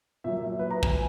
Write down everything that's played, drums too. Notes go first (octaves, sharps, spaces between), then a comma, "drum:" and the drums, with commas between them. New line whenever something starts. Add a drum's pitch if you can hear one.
A#2 F#3 E5
E5
E5
B4
A#5
G#5, drum: kick